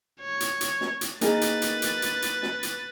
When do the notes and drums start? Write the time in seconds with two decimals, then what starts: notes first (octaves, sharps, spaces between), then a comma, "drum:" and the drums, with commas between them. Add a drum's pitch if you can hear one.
0.20 C#5
0.40 drum: hi-hat
0.61 drum: hi-hat
0.81 drum: snare
1.01 drum: hi-hat
1.21 A#3 D#4 G#4 B4 A6, drum: hi-hat
1.41 drum: hi-hat
1.62 drum: hi-hat
1.82 drum: hi-hat
2.02 drum: hi-hat
2.22 drum: hi-hat
2.43 drum: snare
2.63 drum: hi-hat